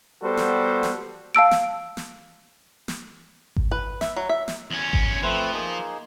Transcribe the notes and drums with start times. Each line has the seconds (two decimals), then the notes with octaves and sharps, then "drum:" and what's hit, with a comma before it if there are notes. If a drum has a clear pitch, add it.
0.23 G3 B3 F#4 A4 C5
0.37 drum: snare
0.83 drum: snare
1.35 F5 A5 E6 D7
1.51 drum: snare
1.97 drum: snare
2.88 drum: snare
3.56 drum: kick G#1
3.71 B4
4.01 E5, drum: snare
4.16 F#3
4.29 E5
4.48 drum: snare
4.70 E2 C#4
4.93 drum: kick G#1
5.22 F3 A3 C4 B4
5.53 A#3 D#4 G#4